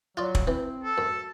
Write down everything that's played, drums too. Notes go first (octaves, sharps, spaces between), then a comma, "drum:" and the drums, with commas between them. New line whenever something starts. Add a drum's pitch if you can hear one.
F#3 F4 D5
drum: kick
E3 C4
A4
F#2